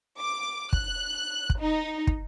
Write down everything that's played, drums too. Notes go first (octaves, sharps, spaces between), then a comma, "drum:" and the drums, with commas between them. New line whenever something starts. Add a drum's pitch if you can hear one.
D6
F#6, drum: kick
drum: kick
D#4
drum: kick